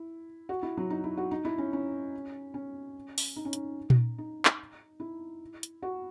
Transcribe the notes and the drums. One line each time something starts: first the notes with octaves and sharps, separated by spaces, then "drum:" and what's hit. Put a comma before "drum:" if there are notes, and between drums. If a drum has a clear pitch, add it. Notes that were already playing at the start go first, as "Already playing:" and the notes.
Already playing: E4
F#4
E4
F#3
D#4
E4
F#4
D#4
E4
C#4
C#4
C#4
drum: open hi-hat
D#4
C#4
D#4, drum: hi-hat
drum: tom A#2
D#4
drum: clap
E4
drum: hi-hat
F#4